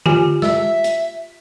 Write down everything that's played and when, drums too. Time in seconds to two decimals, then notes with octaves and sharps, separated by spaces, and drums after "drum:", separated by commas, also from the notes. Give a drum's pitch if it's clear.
0.06 F4 G4 G#5, drum: tom D3
0.42 E5 E6, drum: snare
0.84 drum: hi-hat